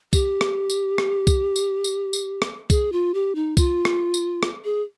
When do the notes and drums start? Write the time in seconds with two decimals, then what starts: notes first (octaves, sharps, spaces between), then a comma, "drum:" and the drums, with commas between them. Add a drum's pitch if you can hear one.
0.13 G4, drum: kick, tambourine
0.41 drum: rim click
0.70 drum: tambourine
0.98 drum: rim click
1.27 drum: kick, tambourine
1.56 drum: tambourine
1.84 drum: tambourine
2.13 drum: tambourine
2.42 drum: rim click
2.70 G#4, drum: kick, tambourine
2.92 F4
3.14 G4
3.35 D#4
3.57 F4, drum: kick, tambourine
3.85 drum: rim click
4.14 drum: tambourine
4.43 drum: rim click
4.65 G#4